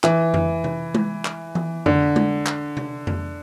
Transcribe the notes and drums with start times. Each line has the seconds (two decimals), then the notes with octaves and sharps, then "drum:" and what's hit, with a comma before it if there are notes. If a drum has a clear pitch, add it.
0.04 E3, drum: clap
0.34 drum: tom F2
0.64 drum: tom C3
0.95 drum: tom G#3
1.25 drum: clap
1.55 drum: tom E3
1.86 D3, drum: tom F2
2.16 drum: tom G#3
2.46 drum: clap
2.77 drum: tom C3
3.07 drum: tom F2